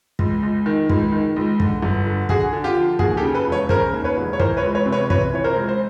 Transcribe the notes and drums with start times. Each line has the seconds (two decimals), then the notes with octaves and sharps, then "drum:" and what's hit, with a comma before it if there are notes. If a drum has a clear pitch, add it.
0.19 C#2, drum: kick
0.43 C#2
0.66 D#3
0.90 C#2, drum: kick
1.12 D#3
1.36 C#2
1.60 D3, drum: kick
1.83 G1
2.07 D3
2.29 D3 F#4 G#4, drum: kick
2.53 D3
2.64 F4 G4
2.77 F3
2.99 D#2 F#4 G#4, drum: kick
3.17 G4 A4
3.23 C#3
3.34 A4 B4
3.47 E1
3.52 B4 C#5
3.69 C#3 A#4 C5, drum: kick
3.93 D#2
4.04 B4 C#5
4.16 E1
4.33 C#5
4.40 E3 A#4 C5, drum: kick
4.57 B4 C#5
4.63 C#2
4.75 B4 C#5
4.86 C3
4.92 B4 C#5
5.10 C3 B4 C#5, drum: kick
5.33 E3 C#5
5.44 A#4 C5
5.56 C#2
5.69 C5